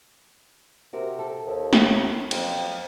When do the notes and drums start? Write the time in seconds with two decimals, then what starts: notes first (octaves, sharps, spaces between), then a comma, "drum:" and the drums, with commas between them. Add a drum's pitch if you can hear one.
0.93 C3 F#4 A#4
1.19 A4
1.47 D#2
1.73 drum: snare
2.31 F2 F#3 G5, drum: cymbal